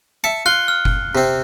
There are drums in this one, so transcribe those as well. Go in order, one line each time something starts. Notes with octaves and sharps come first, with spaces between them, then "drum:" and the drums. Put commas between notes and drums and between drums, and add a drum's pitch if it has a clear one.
E5 A5 C#7
F4 F#6 G7
F6
drum: kick F#1
C3 C4